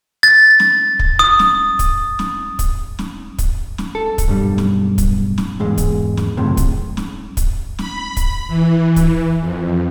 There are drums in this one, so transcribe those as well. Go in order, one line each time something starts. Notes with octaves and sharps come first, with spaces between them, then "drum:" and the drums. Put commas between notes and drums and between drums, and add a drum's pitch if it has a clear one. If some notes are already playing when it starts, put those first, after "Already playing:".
A6
drum: snare
drum: kick
D#6
drum: snare
drum: kick, hi-hat
drum: snare
drum: kick, hi-hat
drum: snare
drum: kick, hi-hat
drum: snare
A4
drum: kick, hi-hat
B1 G2 G3
drum: snare
drum: kick, hi-hat
drum: snare
E2 G#2 G#3
drum: kick, hi-hat
drum: snare
C#2 F#2 A2 C3
drum: kick, hi-hat
drum: snare
drum: kick, hi-hat
B5, drum: snare
drum: kick, hi-hat
E3
drum: kick, hi-hat
F2